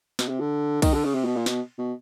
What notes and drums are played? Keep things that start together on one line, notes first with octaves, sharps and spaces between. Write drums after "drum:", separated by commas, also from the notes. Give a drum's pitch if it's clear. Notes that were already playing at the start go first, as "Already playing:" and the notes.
B2, drum: snare
C3
D3
D#3, drum: kick, cymbal
D3
C#3
C3
B2
A#2
B2, drum: snare
B2